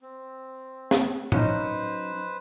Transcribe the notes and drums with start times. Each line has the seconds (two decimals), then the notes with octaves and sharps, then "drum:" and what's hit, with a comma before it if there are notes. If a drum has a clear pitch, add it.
0.01 C4
0.91 drum: snare
1.32 F#3 C#4 D#4 B4 C5, drum: tom A2